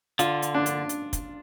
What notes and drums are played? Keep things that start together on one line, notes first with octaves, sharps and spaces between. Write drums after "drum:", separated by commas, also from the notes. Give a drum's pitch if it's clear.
D3 F4, drum: hi-hat
drum: hi-hat
D4
drum: hi-hat
drum: hi-hat
drum: kick, hi-hat